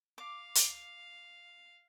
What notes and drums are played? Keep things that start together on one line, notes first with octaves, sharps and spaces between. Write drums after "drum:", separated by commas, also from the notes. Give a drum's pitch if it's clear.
F5 D6
drum: hi-hat